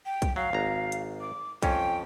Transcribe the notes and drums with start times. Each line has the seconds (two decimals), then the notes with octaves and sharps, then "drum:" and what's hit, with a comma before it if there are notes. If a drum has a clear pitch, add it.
0.06 G5
0.22 drum: kick B1, hi-hat
0.36 F#3 F5
0.53 G#1 A#5
0.92 drum: hi-hat
1.21 D6
1.63 F2 C#4 G5, drum: kick B1, hi-hat